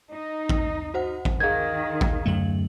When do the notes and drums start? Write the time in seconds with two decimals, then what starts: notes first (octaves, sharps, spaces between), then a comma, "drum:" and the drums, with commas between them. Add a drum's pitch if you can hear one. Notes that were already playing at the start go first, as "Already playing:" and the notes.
0.12 D#4
0.49 drum: kick A1
0.94 F#4 C5 F#5
1.25 drum: kick A1
1.40 D#3 G#4 A#4 F5 G#6
2.01 drum: kick A1
2.26 F#2 D3 A3 F#7